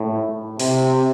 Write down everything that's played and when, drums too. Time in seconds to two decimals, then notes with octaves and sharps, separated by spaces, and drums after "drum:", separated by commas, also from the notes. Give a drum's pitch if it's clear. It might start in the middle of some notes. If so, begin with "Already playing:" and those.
Already playing: A2
0.60 C3, drum: open hi-hat